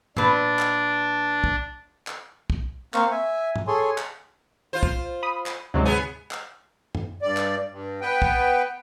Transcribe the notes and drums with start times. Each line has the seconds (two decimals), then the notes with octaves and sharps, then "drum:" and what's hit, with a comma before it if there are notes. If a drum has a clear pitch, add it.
0.17 A#2 D4 B4, drum: tom G#2
0.59 drum: clap
1.44 drum: kick
2.07 drum: clap
2.50 drum: kick
2.94 A#3 C4 A#4 C5 F5 C#6, drum: clap
3.11 E5 G#5
3.56 drum: tom G#2
3.67 G#4 A4 C#5 G#5 C6
3.98 drum: clap
4.73 F4 C5
4.83 drum: kick
5.23 B5 D#6
5.46 drum: clap
5.74 D2 G#2 C3 F#3 G#3
5.85 B3 G#4 G#5
6.31 drum: clap
6.95 drum: tom F#2
7.22 G2 D5
7.37 drum: clap
7.70 G2
8.01 B3 B4 G5
8.22 drum: kick